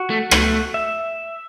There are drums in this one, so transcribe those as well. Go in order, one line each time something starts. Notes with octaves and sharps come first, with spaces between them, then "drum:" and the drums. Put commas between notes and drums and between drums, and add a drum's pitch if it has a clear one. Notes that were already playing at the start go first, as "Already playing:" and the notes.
Already playing: F#4
A3
A3, drum: rim click
E5